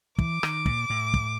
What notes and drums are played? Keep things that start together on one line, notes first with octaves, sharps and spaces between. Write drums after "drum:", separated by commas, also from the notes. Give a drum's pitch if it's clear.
E3 D6, drum: kick
D#3, drum: rim click
A#2, drum: kick
A2
drum: kick